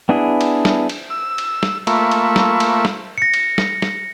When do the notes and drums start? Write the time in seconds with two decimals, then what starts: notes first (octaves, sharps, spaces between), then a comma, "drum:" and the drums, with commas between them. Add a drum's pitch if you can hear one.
0.09 B3 D4 E4 G#4
0.41 drum: cymbal
0.65 drum: snare
0.89 drum: cymbal
1.10 E6
1.38 drum: cymbal
1.63 drum: snare
1.87 A3 A#3 F4 E5 B5 C#6, drum: cymbal
2.11 drum: cymbal
2.36 drum: snare
2.60 drum: cymbal
2.85 drum: snare
3.18 A#6 C#7
3.34 drum: cymbal
3.58 drum: snare
3.82 drum: snare